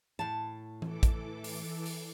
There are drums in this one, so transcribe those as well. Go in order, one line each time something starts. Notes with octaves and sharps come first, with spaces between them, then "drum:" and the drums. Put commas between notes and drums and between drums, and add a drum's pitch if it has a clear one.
A2 A5
E3 A4 D6, drum: tom E3
drum: kick, hi-hat
drum: open hi-hat
drum: open hi-hat